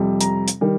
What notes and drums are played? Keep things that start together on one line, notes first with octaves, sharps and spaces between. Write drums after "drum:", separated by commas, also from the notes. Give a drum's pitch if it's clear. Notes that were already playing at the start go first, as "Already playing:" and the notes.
Already playing: F2 C3 G3
A#5, drum: hi-hat
drum: hi-hat
D#3 G3